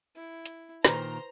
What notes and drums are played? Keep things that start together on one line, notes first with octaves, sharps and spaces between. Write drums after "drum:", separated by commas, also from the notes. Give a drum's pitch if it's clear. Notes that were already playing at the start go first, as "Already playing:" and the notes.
E4
drum: hi-hat
A#2 D#3 B4 C5 A#5 C#6, drum: snare